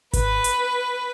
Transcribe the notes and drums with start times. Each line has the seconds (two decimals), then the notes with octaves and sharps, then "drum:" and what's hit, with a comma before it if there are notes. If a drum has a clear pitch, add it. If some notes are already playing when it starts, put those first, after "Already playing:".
0.13 B4, drum: kick G#1, hi-hat
0.44 drum: hi-hat